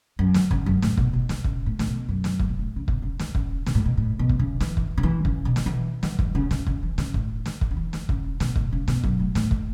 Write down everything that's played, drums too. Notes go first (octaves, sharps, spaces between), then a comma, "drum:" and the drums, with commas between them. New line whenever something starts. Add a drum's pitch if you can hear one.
F#2
drum: snare
C#3, drum: kick
F#2
A2, drum: snare
B2, drum: kick
B2
E3, drum: snare
C#3, drum: kick
A2
A2, drum: snare
B2
F#2
drum: snare
A2, drum: kick
B2
A2
C#3
B2, drum: kick
C#3
E3, drum: snare
C#3, drum: kick
B2, drum: snare
A2
B2
A2
B2
drum: kick
C#3
E3, drum: snare
drum: kick
C#3
E3
C#3, drum: kick
B2
drum: snare
E3
E3, drum: snare
E3, drum: kick
C#3
C#3, drum: snare
C#3, drum: kick
E3
C#3, drum: snare
A2, drum: kick
drum: snare
drum: kick
C#3
E3
drum: snare
C#3, drum: kick
B2, drum: snare
A2, drum: kick
C#3
B2, drum: snare
F#2, drum: kick
A2
A2, drum: snare
drum: kick